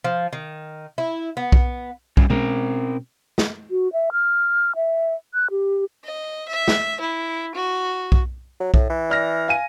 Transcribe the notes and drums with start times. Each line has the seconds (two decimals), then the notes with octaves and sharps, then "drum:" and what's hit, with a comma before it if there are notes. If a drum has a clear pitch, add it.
0.04 F3
0.33 D#3
0.98 E4
1.37 B3
1.52 drum: kick B1
2.17 G3 C#4, drum: kick B1
2.30 B2 G#3 C4 C#4 A#4
3.38 drum: snare
3.71 F#4
3.93 E5
4.12 F6
4.75 E5
5.34 F#6
5.51 G4
6.04 D#5
6.48 E5
6.68 drum: snare
7.00 E4
7.55 F#4
8.12 drum: kick B1
8.60 F#3
8.74 A2, drum: kick B1
8.90 E3
9.10 D5 F6 A#6
9.48 F5 G#5 D#7